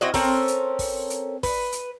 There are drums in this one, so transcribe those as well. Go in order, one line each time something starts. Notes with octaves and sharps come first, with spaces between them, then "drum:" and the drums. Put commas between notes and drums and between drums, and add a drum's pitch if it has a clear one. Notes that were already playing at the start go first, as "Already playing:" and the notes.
C4 E4 F#4 D#5
C4 C#4 A4 A#4, drum: kick, open hi-hat
drum: hi-hat
drum: kick, open hi-hat
drum: hi-hat
B4, drum: kick, open hi-hat
drum: hi-hat